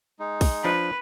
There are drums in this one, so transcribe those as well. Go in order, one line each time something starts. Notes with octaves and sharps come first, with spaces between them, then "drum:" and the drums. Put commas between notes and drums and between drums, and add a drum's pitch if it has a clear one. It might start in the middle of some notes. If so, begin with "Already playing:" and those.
G#3 D#4
drum: kick, open hi-hat
F3 D4 B4